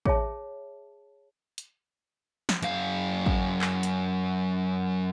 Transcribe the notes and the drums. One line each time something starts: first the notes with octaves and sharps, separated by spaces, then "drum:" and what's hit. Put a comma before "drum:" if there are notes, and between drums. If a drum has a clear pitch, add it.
G#4 C#5 E5 A5, drum: kick A1
drum: hi-hat
drum: snare
F#2 F5, drum: hi-hat
drum: kick A1
drum: clap
drum: hi-hat